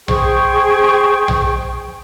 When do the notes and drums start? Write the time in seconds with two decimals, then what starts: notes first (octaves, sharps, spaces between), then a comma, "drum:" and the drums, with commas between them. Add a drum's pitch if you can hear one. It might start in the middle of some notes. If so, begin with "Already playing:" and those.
0.08 G#4 C5 G5 C#6, drum: tom B1
1.28 drum: tom B1